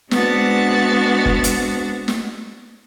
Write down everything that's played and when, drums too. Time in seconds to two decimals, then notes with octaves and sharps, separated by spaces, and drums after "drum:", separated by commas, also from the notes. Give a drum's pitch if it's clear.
0.11 G#3 B3 C4 D4 F#4 A6, drum: snare
1.26 drum: kick F#1
1.44 drum: hi-hat
2.08 drum: snare